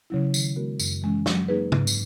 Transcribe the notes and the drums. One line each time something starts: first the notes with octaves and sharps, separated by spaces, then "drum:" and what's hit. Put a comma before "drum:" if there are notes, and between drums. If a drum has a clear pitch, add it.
C#3 F#3 C#4 E4
D#3, drum: tambourine
G#3 B3 F#4 A#4
F#2, drum: tambourine
E3 G#3 C#4
F#3, drum: snare
A#3 D#4 G#4 B4
G#2, drum: tom
drum: tambourine